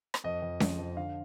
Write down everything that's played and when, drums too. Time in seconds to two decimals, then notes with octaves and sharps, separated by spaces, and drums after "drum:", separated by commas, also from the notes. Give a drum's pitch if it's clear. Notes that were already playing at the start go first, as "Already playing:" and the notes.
0.14 drum: rim click
0.24 F2 D#5
0.42 F2
0.60 F3, drum: snare C#4
0.79 F2
0.97 D3 F5